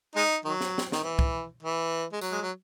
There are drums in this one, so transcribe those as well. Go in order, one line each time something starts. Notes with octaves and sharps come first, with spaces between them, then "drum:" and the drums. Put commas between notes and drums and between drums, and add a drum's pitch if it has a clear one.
G#3 D#4
D#3 F#3
drum: snare
drum: snare
D#3, drum: snare
E3
drum: kick
E3
G#3
F#3, drum: tambourine
G#3
F#3